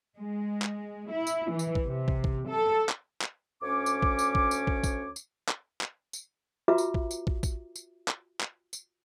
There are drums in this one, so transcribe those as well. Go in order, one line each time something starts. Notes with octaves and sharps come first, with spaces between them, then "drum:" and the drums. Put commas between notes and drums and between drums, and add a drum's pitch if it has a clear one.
G#3
drum: clap
E4
drum: tambourine
E3
drum: tambourine
drum: kick
C3
drum: kick
drum: kick
A4
drum: clap
drum: clap
D2 C#4 C#5 D6
drum: tambourine
drum: kick
drum: tambourine
drum: kick
drum: tambourine
drum: kick
drum: kick, tambourine
drum: tambourine
drum: clap
drum: clap
drum: tambourine
F4 F#4 B4 E5 A#5 D6
drum: tambourine
drum: kick
drum: tambourine
drum: kick
drum: kick, tambourine
drum: tambourine
drum: clap
drum: clap
drum: tambourine